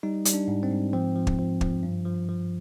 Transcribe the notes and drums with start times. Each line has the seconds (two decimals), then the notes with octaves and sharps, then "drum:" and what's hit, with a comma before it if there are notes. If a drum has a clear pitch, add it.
0.03 G3 D#4
0.25 G3, drum: hi-hat
0.34 D4
0.48 G#2
0.63 C4
0.71 G#2
0.93 F3 C4
1.16 F3
1.27 drum: kick
1.39 F3
1.61 F3, drum: kick
1.83 G2
2.05 F3
2.29 F3